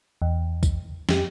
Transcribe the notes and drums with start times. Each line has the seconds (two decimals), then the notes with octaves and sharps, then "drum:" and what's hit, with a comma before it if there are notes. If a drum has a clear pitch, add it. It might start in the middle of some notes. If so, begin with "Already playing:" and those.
0.22 E2
0.63 drum: kick B1, tambourine
1.09 F2 G4, drum: snare